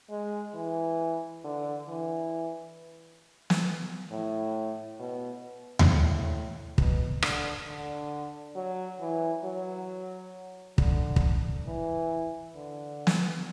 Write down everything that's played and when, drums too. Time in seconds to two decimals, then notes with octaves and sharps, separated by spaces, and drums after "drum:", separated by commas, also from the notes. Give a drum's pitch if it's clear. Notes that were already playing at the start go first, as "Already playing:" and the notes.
0.10 G#3
0.54 E3
1.44 D3
1.88 E3
3.50 drum: snare
4.11 A2
5.00 B2
5.79 drum: tom D#2
5.89 A2
6.78 B2, drum: kick
7.22 D3, drum: rim click
7.67 D3
8.56 F#3
9.00 E3
9.44 F#3
10.78 D3, drum: kick
11.16 drum: kick
11.66 E3
12.55 D3
13.07 drum: snare